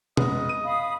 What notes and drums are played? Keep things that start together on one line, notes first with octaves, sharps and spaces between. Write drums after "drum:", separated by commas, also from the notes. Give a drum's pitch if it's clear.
F1 G#3 B3 D#5, drum: tom
D#7
F5 B5 D#6